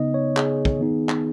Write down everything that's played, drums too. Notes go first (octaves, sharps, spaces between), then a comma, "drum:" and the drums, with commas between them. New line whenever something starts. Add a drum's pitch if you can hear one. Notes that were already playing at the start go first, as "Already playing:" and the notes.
Already playing: C#3 B3 D#4 D#5
C#5
G#4, drum: clap
drum: kick
D#3 B3 D#4
drum: clap